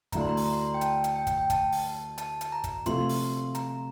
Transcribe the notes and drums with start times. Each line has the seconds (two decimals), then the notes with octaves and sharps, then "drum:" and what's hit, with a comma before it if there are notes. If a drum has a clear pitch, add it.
0.12 D2 D3 A3 E4 A#5, drum: kick, hi-hat
0.21 C6
0.29 A#5
0.37 C6, drum: open hi-hat
0.45 A#5
0.53 C6
0.61 A#5
0.74 G5
0.81 A5, drum: hi-hat
1.04 drum: hi-hat
1.16 G5
1.27 drum: kick, hi-hat
1.38 G5
1.50 A5, drum: kick, hi-hat
1.72 drum: open hi-hat
2.18 A5, drum: hi-hat
2.41 drum: hi-hat
2.52 A#5
2.64 drum: kick, hi-hat
2.86 C3 F3 A3 C4 F4 C6, drum: kick, hi-hat
3.09 drum: open hi-hat
3.55 A#5, drum: hi-hat